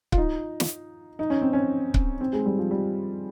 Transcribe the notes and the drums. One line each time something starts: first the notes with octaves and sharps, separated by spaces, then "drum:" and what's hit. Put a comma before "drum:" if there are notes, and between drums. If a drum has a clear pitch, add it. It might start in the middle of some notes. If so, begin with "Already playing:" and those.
F4, drum: kick C#1
D#4
drum: snare
D#4
C#4
C4
C#4
drum: kick C#1
C4
G#3
G3
F3
G3